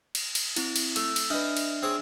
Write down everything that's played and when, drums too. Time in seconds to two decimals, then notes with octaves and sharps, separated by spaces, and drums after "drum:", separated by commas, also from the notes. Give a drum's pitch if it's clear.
0.15 drum: cymbal
0.35 drum: cymbal
0.56 C4 E4, drum: cymbal
0.76 drum: cymbal
0.96 A3, drum: cymbal
1.16 drum: cymbal
1.30 D4 B4 D#5 E5 F6
1.57 drum: cymbal
1.82 C4 G#4 C#5